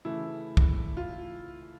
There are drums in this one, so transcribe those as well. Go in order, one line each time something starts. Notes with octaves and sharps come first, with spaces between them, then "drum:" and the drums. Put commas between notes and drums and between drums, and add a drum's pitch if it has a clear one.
C#3 E3 A3 E4
drum: kick
F4